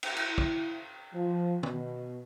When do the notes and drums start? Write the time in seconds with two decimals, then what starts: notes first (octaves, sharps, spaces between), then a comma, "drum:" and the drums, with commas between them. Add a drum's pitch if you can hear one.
0.03 drum: cymbal
0.16 E4, drum: cymbal
0.38 drum: kick
1.13 F3
1.63 B2, drum: tom